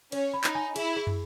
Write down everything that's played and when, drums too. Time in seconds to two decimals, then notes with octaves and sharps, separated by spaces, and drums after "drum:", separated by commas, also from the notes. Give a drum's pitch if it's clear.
0.12 C#4 C#5, drum: cymbal
0.34 B5
0.44 D#4, drum: clap
0.55 G#5
0.76 E4 G#4, drum: cymbal
0.96 G#4
1.07 drum: tom